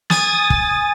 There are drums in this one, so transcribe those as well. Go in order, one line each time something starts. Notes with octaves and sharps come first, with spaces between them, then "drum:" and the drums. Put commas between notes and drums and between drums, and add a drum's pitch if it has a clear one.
G#5 D#6 A6, drum: snare
drum: kick